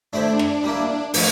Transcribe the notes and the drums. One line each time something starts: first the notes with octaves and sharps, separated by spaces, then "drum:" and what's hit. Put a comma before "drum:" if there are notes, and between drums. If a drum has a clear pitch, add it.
A3 D4 E4 G4 C5
drum: rim click
G3 A#3 E4
A2 F3 C4 G4 A#4, drum: open hi-hat